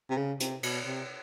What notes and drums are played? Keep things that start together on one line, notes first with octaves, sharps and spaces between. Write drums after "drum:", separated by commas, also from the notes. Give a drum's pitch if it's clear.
C3
C#3
C3, drum: hi-hat
B2, drum: cymbal
C3